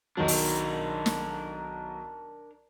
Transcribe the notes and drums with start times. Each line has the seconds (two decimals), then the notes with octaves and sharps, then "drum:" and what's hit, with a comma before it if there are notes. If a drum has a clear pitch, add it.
0.17 B1 D#3 F#3 D4 A#4
0.28 drum: open hi-hat
1.06 drum: snare